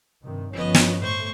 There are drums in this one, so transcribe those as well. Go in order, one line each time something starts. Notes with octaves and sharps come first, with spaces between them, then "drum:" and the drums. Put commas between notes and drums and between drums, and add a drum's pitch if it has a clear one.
G2 C3 D#3
G1 F3 B3 C#4 D#5
drum: snare
A2 A3 C5 C#6